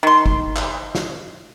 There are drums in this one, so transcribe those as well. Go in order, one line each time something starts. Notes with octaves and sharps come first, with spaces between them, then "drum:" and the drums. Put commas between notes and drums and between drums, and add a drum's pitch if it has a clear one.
D#3 C6
drum: kick
drum: clap
drum: snare